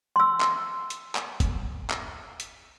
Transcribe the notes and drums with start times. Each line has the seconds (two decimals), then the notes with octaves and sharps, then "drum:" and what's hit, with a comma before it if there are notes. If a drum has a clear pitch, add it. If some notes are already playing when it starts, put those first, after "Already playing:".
0.16 C6 E6
0.41 drum: clap
0.90 drum: hi-hat
1.15 drum: clap
1.40 drum: kick, hi-hat
1.90 drum: clap
2.40 drum: hi-hat